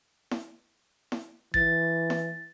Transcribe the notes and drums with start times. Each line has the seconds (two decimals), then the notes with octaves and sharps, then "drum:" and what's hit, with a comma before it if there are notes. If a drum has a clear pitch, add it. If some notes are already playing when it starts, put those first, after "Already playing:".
0.31 drum: snare E4
1.12 drum: snare E4
1.54 E3 A6, drum: kick G#1
2.10 drum: snare E4